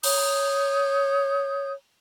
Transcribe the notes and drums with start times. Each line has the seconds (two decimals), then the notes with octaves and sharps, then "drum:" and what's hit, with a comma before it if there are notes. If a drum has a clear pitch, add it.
0.03 C#5 D#6 G6, drum: open hi-hat